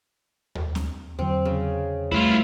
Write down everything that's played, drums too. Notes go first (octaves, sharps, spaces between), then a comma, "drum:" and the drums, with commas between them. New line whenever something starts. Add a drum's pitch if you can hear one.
drum: tom D#2
drum: snare C4
E2 D3 F#3 C4
C#3
G3 A3 E4 F4 B4